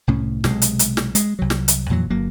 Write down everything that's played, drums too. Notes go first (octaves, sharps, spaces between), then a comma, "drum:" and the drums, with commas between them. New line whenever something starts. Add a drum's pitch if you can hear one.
C2 A2 C#4
B1 C3 E3 G#3, drum: snare
drum: hi-hat
drum: hi-hat
drum: snare
G#3, drum: hi-hat
C2 F#3
drum: snare
drum: hi-hat
F2 A#2 E3 F#3
G1 F#3 A#3